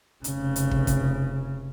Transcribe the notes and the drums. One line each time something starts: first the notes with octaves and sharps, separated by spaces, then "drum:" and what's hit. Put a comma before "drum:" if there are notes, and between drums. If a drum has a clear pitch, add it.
F1 C#3, drum: hi-hat
drum: hi-hat
drum: kick
drum: kick, hi-hat